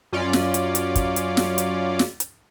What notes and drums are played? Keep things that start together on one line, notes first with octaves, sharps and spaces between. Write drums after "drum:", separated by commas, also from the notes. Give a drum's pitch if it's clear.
F#2 C#4 F4 D5
drum: snare
drum: hi-hat
drum: hi-hat
drum: kick, hi-hat
drum: hi-hat
drum: snare
drum: hi-hat
drum: snare
drum: hi-hat